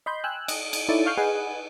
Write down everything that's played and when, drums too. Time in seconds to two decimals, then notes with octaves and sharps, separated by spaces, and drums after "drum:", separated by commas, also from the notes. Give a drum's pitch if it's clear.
0.06 D#5 B5 C6 G6
0.24 G5 G#5 E6 F#6
0.48 D#5, drum: cymbal
0.73 drum: cymbal
0.89 D#4 E4 A4 C#5 D5 A5
1.06 F5 C#6 F6 G6 C7 C#7
1.17 G#4 B4 D#5 F#5 G#5